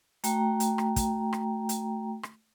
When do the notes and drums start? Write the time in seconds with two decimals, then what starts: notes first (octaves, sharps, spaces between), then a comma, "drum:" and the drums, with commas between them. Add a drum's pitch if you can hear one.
0.24 A3 F#4 G5 A#5, drum: hi-hat
0.60 drum: hi-hat
0.78 drum: rim click
0.96 drum: kick, hi-hat
1.33 drum: rim click
1.69 drum: hi-hat
2.23 drum: rim click